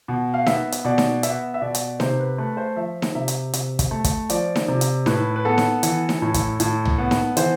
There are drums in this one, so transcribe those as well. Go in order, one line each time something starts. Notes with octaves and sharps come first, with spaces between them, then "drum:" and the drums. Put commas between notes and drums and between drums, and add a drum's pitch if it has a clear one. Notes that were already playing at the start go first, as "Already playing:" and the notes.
B2
F5
B3 E5, drum: snare D#4
drum: hi-hat
B2 D5
drum: snare D#4
B3 E5, drum: hi-hat
E5
B2 D5
drum: hi-hat
C3 C5, drum: snare D#4
B4
A3 B4
C5
F3 E5
drum: snare D#4
C3 E5
drum: hi-hat
C3, drum: hi-hat
drum: kick, hi-hat
A3
drum: kick, hi-hat
F3 D5, drum: hi-hat
drum: snare D#4
C3
drum: hi-hat
A2 B4, drum: snare D#4
B4
B3 A4
drum: snare D#4
E3, drum: hi-hat
drum: snare D#4
A2
drum: kick, hi-hat
A2, drum: hi-hat
drum: tom
B3
drum: snare D#4
E3 C5, drum: hi-hat